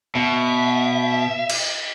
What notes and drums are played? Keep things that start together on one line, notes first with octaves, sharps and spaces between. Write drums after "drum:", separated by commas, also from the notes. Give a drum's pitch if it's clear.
B2 E5
drum: cymbal